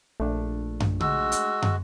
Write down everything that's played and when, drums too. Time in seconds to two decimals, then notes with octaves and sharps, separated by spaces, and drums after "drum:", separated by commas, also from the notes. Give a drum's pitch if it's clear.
0.20 A#1 A3 D4
0.80 drum: tom
1.00 G#3 F#4 E6, drum: tom C#3
1.32 drum: hi-hat
1.62 drum: tom